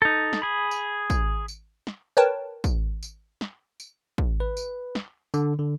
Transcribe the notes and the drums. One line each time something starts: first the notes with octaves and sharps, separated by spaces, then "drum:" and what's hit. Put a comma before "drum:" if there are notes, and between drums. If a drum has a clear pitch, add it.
D#4 A4
drum: snare
G#4 B5
drum: tambourine
drum: kick, tambourine
drum: tambourine
drum: snare
A#4 B4 C#5 G5 A5
drum: kick, tambourine
drum: tambourine
drum: snare
drum: tambourine
drum: kick
B4
drum: tambourine
drum: snare
D3, drum: tambourine
D3